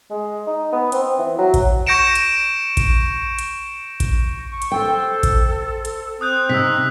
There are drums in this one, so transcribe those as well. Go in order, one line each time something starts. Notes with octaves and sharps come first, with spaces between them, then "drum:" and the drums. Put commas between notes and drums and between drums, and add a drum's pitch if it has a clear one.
G#3
D#4
B3
C4, drum: hi-hat
E3
F#3
drum: kick A1, hi-hat
C#6 G6 A#6 C#7 D7 E7
drum: hi-hat
drum: kick A1, hi-hat
drum: hi-hat
drum: kick A1, hi-hat
C#6
drum: hi-hat
A4 C5 G5
drum: kick A1, hi-hat
drum: hi-hat
C4 D#6 F#6 G6
C3 D#4 E6 B6